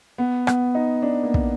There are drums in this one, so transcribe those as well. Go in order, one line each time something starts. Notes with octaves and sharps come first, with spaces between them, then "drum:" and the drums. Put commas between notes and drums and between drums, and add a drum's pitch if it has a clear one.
B3
B3, drum: rim click
D#4
D4
A#3
drum: kick